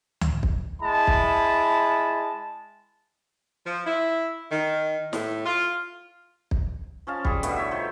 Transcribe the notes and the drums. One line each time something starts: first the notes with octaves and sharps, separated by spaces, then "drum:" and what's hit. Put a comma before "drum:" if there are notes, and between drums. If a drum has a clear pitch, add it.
drum: tom C#2
drum: kick
G#3 E4 A5 B5
drum: kick
F3
E4
D#3
A2, drum: snare
F4
drum: kick
F3 C#4 F5 A5
G3 G#4, drum: kick
B2 D3 A3 E4, drum: hi-hat
C#5 E5
D#3 F3 C5